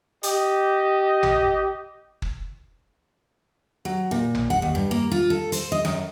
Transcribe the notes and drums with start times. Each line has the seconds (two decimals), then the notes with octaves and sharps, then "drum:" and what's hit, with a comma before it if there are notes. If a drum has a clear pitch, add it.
0.23 G4 D#5, drum: hi-hat
1.23 drum: tom
2.22 drum: kick
3.85 F#3
4.11 A#2
4.35 drum: tom
4.50 F#5
4.62 D#2
4.75 G2
4.91 A#3
5.12 F4
5.30 A4
5.52 C5, drum: hi-hat
5.72 D#5
5.85 F#2, drum: snare